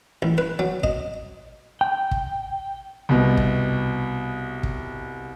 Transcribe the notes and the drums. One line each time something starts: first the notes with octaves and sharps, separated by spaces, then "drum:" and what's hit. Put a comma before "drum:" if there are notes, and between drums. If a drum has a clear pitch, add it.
A1
B4
F#3
D#5, drum: kick
G5
drum: kick
C2 B2
drum: kick
drum: kick